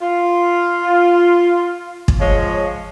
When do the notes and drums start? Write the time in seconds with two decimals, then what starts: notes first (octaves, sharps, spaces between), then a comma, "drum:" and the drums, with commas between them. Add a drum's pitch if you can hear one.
0.01 F4
2.08 drum: kick
2.20 F3 G#3 C#5